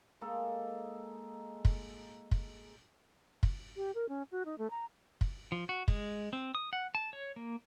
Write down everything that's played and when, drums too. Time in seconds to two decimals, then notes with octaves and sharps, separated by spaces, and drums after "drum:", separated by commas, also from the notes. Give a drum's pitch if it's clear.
0.21 G#3 A#3 D#4 A4
1.65 drum: kick
2.31 drum: kick
3.43 drum: kick
3.76 G4
3.95 A#4
4.09 C#4
4.32 F#4
4.45 D#4
4.58 A3
4.71 A#5
5.21 drum: kick
5.52 F3
5.69 F#4
5.88 G#3, drum: kick
6.33 C4
6.55 D#6
6.73 F#5
6.95 A5
7.13 C#5
7.36 A#3